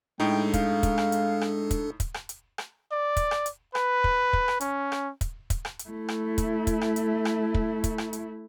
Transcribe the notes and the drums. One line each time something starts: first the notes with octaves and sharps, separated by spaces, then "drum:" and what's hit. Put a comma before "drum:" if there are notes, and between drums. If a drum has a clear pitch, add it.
A2 G#3 D4 D#4 A4 G5
F5, drum: kick, hi-hat
drum: kick, hi-hat
drum: rim click
drum: hi-hat
drum: rim click
drum: kick, hi-hat
drum: kick, hi-hat
drum: rim click
drum: hi-hat
drum: rim click
D5
drum: kick, hi-hat
drum: rim click
drum: hi-hat
B4, drum: rim click
drum: kick
drum: kick
drum: rim click
C#4, drum: hi-hat
drum: rim click
drum: kick, hi-hat
drum: kick, hi-hat
drum: rim click
drum: hi-hat
A3 E4
drum: rim click
drum: kick, hi-hat
drum: kick, hi-hat
drum: rim click
drum: hi-hat
drum: rim click
drum: kick
drum: kick, hi-hat
drum: rim click
drum: hi-hat